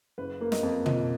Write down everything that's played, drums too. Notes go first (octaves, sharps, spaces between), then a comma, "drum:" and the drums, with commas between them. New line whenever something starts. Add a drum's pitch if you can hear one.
F#1 B4
A#3
D#5, drum: snare
F2
F3 D#5, drum: tom